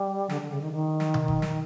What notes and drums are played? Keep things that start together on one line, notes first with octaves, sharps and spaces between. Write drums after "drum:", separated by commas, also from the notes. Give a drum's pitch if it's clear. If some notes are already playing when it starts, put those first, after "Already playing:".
Already playing: G3
D3, drum: snare
D3
C#3
D#3
D#3
drum: snare
drum: tom B2
drum: kick F#1
drum: snare